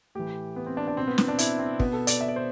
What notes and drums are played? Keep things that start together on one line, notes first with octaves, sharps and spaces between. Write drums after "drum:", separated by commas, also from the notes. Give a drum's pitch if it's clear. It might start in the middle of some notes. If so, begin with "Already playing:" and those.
A2 E3 G4
B3
C4
D4
D4
B2 C4
B3
C4, drum: snare
D4
E4, drum: hi-hat
C4
B2 B3, drum: kick
A4
D5, drum: hi-hat
E5
D5
C5